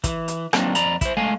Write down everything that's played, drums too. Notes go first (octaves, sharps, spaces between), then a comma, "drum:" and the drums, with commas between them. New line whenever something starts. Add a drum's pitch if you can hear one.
E3, drum: kick, hi-hat
drum: hi-hat
F#3 A#3 C4 D4 D#4, drum: rim click
F2 D5 A#5 B5, drum: hi-hat
E4 C5, drum: kick, hi-hat
G#3 A3 F5 G#5